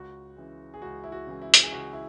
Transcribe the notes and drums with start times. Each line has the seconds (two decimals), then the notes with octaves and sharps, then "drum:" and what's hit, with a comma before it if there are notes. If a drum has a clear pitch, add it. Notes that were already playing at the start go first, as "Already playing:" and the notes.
Already playing: C#2 F#4
0.36 C#3 E3 G#3
0.74 G#4
0.82 C#2 F#4
1.04 E4
1.12 F#4
1.27 C#3 E3 G#3
1.42 E4
1.54 drum: hi-hat
1.63 G#4
1.72 C#2 F#4
1.93 E4